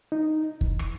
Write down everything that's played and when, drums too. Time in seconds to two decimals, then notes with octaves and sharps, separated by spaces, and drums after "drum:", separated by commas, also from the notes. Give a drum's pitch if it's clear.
0.12 D#4
0.61 E3, drum: kick
0.79 drum: rim click